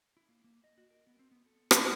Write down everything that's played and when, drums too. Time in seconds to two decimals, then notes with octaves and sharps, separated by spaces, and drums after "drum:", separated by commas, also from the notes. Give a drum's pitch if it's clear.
0.17 E4
0.29 A#3
0.44 A#3
0.64 D#5
0.78 F#4
0.91 A#4
1.07 B3
1.19 C4
1.31 B3
1.46 A4
1.71 G3, drum: rim click